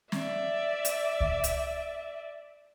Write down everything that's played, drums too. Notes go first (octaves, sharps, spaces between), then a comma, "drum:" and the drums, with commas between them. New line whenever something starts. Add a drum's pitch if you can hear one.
D5 E5, drum: snare
drum: hi-hat
drum: kick C#2
drum: hi-hat